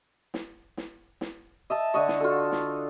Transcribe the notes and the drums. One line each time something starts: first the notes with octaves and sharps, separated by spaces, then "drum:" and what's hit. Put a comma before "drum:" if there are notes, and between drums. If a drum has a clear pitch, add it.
drum: snare
drum: snare
drum: snare
D#5 E5 A5
D3 D4 D#5 C#6
drum: snare
F4 F#4 A4
drum: snare